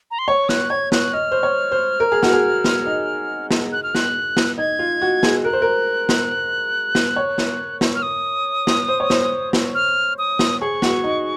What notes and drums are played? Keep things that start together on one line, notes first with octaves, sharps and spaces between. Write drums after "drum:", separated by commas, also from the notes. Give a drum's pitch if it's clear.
A#5
C6
C#5 C#6
F#6, drum: snare
C#5 G#6
F#6, drum: snare
D#5 F6
C5
C#5
C5
A#4
G#4
F#4, drum: snare
G#4
drum: snare
D#4
drum: snare
F#6
F6
F#6, drum: snare
drum: snare
D#4 G#6
F4
F#4
G#4, drum: snare
A#4 F#6
C5
A#4
drum: snare
drum: snare
C#5
drum: snare
drum: snare
F6
D#6
drum: snare
C5
C#5
C5, drum: snare
drum: snare
F6
D#6
drum: snare
G#4 C#6
F#4, drum: snare
D#4